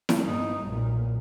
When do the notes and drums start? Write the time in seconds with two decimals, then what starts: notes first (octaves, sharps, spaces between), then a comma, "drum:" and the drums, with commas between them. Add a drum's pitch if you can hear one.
0.09 drum: snare E4
0.22 G2 D#4
0.64 B1 A#2